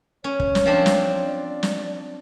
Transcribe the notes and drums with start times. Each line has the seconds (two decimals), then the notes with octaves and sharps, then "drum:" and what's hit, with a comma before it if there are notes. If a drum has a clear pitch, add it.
0.24 C#4 C#5
0.40 drum: kick
0.55 drum: snare
0.66 F3 C4 D4
0.86 drum: snare
1.24 D5
1.63 drum: snare